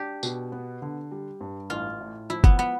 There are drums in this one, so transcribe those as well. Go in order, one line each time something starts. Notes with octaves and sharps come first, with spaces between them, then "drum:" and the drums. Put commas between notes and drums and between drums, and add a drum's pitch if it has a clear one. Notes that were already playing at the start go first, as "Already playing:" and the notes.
Already playing: D4 G4
B2, drum: tambourine
B3
D3
G3
G2
A1 F4
A2
F3 E4
B3, drum: kick
B3